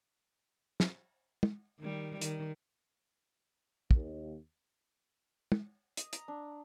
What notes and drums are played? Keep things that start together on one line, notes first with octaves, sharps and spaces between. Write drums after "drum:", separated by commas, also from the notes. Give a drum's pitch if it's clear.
drum: snare
drum: tom
D#3 G3
D#3, drum: hi-hat
D#2, drum: kick
drum: tom
D#5, drum: hi-hat
A#5, drum: hi-hat
D4